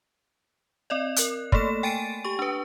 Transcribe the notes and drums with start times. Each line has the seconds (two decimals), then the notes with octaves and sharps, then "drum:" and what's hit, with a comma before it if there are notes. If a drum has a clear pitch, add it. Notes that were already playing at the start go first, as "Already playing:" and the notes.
0.90 C4 D5 D#5
1.16 A#4 F#6, drum: hi-hat
1.52 A3 A#3 A4 E7, drum: kick
1.83 G5 G#5 A6 D7 D#7
2.25 G4 C#6
2.39 D4 B4